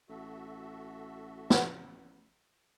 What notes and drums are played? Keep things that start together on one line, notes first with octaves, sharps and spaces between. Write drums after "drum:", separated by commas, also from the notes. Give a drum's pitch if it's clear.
A1 F#4 A4 E5
drum: snare